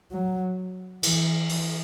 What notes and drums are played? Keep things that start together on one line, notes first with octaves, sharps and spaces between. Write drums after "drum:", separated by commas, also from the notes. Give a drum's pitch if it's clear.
F#3
E3, drum: cymbal
E3, drum: open hi-hat